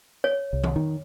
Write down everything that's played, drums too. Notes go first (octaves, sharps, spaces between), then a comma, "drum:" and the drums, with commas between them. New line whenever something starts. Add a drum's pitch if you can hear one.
C#5
C2
drum: tom D#3
D#3